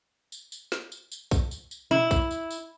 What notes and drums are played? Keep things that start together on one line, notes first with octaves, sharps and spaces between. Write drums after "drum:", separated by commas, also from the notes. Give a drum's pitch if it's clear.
drum: tambourine
drum: tambourine
drum: snare
drum: tambourine
drum: tambourine
drum: kick, tambourine
drum: tambourine
drum: tambourine
E4, drum: tom
drum: kick, tambourine
drum: tambourine
drum: tambourine